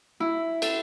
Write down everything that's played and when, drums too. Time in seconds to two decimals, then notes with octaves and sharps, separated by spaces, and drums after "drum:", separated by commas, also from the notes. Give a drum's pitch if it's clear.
0.20 E4
0.62 A4, drum: cymbal